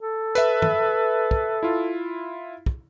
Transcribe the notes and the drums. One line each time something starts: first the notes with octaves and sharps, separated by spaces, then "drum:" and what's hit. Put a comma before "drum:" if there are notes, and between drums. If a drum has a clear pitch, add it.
A4
B4 E5, drum: hi-hat
drum: tom
drum: kick
E4 F4
drum: kick